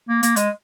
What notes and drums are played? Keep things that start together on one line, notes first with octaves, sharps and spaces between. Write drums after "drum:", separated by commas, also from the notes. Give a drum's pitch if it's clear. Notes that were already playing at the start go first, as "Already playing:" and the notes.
A#3
A#3, drum: hi-hat
G#3, drum: hi-hat